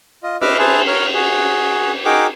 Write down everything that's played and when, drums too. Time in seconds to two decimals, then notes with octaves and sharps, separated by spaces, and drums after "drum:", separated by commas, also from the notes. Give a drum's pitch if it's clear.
0.23 F4 D#5
0.41 B4 D#5 E5 D6 E6 F6, drum: cymbal
0.59 G#4 B4 C5 E5 A5
0.87 A#4 C#5 F6
1.14 F#4 G#4
2.05 D#4 F#4 G#4 A#4 G5 D6